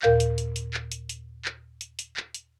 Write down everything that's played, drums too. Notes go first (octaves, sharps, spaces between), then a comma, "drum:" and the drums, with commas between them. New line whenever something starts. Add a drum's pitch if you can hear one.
D#2 A#2 A#4 F5 G6, drum: clap
drum: hi-hat
drum: hi-hat
drum: hi-hat
drum: clap
drum: hi-hat
drum: hi-hat
drum: clap
drum: hi-hat
drum: hi-hat
drum: clap
drum: hi-hat